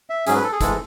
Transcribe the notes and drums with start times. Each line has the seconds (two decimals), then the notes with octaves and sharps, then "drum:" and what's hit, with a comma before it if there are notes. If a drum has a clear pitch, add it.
0.10 E5
0.27 G#2 F#3 C#4 G#4, drum: hi-hat
0.35 B4
0.44 A4
0.52 G#4
0.61 G#2 E3 G#3 A4, drum: kick, hi-hat